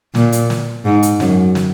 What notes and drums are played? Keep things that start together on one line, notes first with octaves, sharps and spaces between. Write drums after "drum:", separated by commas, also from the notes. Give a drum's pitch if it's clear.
A#2, drum: snare
drum: hi-hat
drum: snare
G#2
drum: hi-hat
F#2, drum: snare
drum: snare